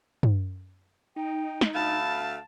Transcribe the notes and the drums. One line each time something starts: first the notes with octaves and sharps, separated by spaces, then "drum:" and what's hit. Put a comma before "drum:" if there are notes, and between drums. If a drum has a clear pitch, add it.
drum: tom
D#4 G5
drum: snare
D2 A3 F5 A5 B5